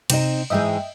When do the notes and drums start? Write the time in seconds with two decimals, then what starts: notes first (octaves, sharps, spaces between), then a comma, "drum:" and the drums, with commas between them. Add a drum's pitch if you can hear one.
0.10 C3 C4 D#4 D#5 E7, drum: cymbal
0.50 G#2 E3 G#3 D#5 E5 G5